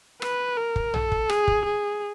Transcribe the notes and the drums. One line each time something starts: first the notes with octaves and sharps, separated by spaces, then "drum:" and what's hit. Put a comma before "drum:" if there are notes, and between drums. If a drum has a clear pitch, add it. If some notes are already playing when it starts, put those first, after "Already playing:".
B4, drum: rim click
A#4
drum: kick
A4, drum: tom A#1
drum: kick
G#4, drum: rim click
drum: kick
G#4